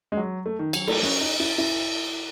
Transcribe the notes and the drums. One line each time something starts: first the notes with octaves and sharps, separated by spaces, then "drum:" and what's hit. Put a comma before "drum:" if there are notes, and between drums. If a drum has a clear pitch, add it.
G#3
F#3
A3
D#3
F#3, drum: cymbal
A3, drum: cymbal
C#4, drum: snare
D#4
E4
E4